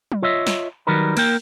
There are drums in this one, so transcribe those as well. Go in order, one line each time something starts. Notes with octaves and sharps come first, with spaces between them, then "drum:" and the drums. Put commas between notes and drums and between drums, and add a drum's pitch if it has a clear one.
drum: tom F#3
F4 C#5 D#5 E5
drum: snare
D#3 F#3 G3 A#4 B4
A#3 A#4 G5, drum: cymbal